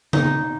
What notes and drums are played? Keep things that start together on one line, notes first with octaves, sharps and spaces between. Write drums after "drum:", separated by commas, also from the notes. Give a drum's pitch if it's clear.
D#4, drum: tom C#3